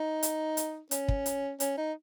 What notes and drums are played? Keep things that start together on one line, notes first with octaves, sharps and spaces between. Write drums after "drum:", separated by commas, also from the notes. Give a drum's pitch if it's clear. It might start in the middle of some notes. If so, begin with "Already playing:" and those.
Already playing: D#4
drum: hi-hat
drum: hi-hat
C#4, drum: hi-hat
drum: kick
drum: hi-hat
C#4, drum: hi-hat
D#4